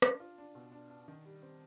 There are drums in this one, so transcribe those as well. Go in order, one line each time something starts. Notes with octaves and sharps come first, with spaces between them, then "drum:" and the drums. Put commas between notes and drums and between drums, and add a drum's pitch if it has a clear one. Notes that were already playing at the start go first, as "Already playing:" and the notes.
D4, drum: rim click
F4
D4
B2
D4
D4
D#3
G3
C4